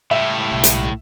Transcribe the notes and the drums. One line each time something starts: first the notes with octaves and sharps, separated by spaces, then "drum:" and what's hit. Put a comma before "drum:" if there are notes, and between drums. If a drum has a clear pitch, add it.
C#2 A2 G3 E5
B1
drum: hi-hat